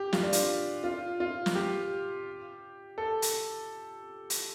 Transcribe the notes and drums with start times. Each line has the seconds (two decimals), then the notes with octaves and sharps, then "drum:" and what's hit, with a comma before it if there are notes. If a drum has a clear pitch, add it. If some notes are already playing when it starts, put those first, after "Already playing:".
Already playing: G4
0.13 F4, drum: snare
0.23 D4
0.33 F4, drum: hi-hat
0.84 F4
1.20 F4
1.46 drum: snare
1.55 G4
2.98 A4
3.22 drum: hi-hat
4.30 drum: hi-hat